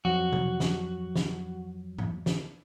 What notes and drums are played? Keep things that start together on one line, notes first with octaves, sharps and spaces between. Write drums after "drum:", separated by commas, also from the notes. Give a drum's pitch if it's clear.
F2 F3 F#3 F#4
drum: tom C3
drum: snare
drum: snare
drum: tom G#2
drum: snare